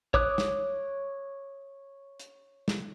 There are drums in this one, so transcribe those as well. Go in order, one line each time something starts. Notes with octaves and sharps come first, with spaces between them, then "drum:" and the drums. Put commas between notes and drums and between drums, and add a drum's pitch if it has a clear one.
C#5 D6 D#6 F#6, drum: kick
drum: snare
drum: hi-hat
drum: snare